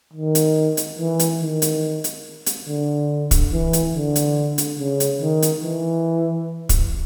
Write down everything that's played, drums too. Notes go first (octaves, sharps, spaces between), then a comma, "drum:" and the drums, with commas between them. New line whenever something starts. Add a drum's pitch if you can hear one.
D#3
drum: hi-hat
drum: hi-hat
E3
drum: hi-hat
D#3
drum: hi-hat
drum: hi-hat
drum: hi-hat
D3
drum: kick, hi-hat
E3
drum: hi-hat
D3
drum: hi-hat
drum: hi-hat
C#3
drum: hi-hat
D#3
drum: hi-hat
E3
drum: kick, hi-hat